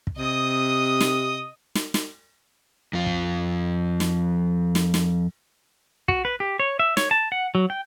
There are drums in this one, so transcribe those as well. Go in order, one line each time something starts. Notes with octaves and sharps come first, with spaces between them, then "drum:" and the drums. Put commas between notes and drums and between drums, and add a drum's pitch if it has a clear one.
drum: kick
C3 D#5 D#6
drum: snare
drum: snare
drum: snare
F2 F4
drum: kick
drum: snare
drum: snare
drum: snare
F#4, drum: kick
B4
G4
C#5
E5
C#5, drum: snare
A5
F#5
F#3
G5